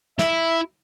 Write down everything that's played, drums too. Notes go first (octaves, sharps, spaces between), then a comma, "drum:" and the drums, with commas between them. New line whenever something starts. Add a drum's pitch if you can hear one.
E4 E5, drum: snare